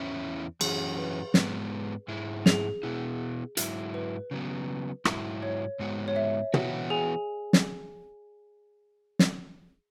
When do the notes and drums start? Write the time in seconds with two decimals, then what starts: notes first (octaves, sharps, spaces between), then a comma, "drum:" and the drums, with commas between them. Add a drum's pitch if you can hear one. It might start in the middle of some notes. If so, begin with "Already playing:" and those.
Already playing: E2 E3 C#4 E4
0.61 F#2 E3 C#4 F#4 G#4, drum: cymbal
0.98 B4
1.34 G#2 G#3 B3, drum: snare
2.08 G#2 G#3 E4
2.46 G#4, drum: snare
2.83 B2 B3 E4
3.57 G#2 F#3 E4, drum: hi-hat
3.94 B4
4.31 C#3 F#3 B3
5.05 G#2 F#3 E4, drum: rim click
5.43 C#5
5.80 G#2 G#3 B3 F#4
6.08 C#5
6.16 E5
6.54 E3 B3 F#4, drum: tom
6.90 G#4 G#5
7.53 drum: snare
9.19 drum: snare